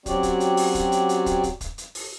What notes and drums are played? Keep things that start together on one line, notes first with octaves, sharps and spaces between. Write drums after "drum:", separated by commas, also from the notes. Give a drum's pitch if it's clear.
F#3 C4 C#4 F#4 G4 D5, drum: kick, hi-hat
drum: kick, hi-hat
drum: hi-hat
drum: open hi-hat
drum: kick, hi-hat
drum: hi-hat
drum: hi-hat
drum: kick, hi-hat
drum: kick, hi-hat
drum: kick, hi-hat
drum: hi-hat
drum: open hi-hat